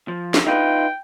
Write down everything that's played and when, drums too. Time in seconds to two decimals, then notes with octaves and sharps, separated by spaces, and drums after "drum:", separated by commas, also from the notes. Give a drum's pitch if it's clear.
0.08 F3
0.34 drum: snare
0.47 D#4 F4 B4 G5